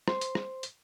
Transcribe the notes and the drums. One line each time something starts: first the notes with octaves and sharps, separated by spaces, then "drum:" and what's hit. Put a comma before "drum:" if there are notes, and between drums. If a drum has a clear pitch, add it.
C5 C6, drum: rim click
drum: hi-hat
drum: rim click
drum: hi-hat